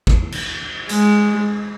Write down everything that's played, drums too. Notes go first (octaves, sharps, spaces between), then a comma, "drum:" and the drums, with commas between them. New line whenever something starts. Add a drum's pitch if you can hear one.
drum: kick
drum: cymbal
G#3, drum: hi-hat